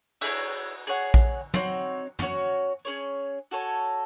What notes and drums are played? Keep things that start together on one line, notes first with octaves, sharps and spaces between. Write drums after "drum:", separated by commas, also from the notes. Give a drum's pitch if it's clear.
E4 G#4 C#5, drum: cymbal
G#4 C#5 F#5
drum: kick A#1
C4 D#4 F#4 C#5, drum: tom
C#4 F#4 C#5, drum: tom
C#4 G#4 C#5
F#4 A4 C#5 G#5